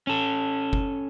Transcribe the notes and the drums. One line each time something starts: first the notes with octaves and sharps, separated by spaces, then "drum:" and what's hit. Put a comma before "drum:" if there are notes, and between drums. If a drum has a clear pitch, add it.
C#4 A4
drum: kick F#1